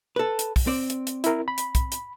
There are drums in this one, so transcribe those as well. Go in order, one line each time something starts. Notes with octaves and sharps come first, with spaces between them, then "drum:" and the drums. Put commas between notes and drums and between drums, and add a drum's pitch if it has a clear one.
A4 B4
drum: hi-hat
drum: kick, open hi-hat
C4 D5
drum: hi-hat
drum: hi-hat
E4 A#4, drum: hi-hat
B5
drum: hi-hat
drum: kick, hi-hat
drum: hi-hat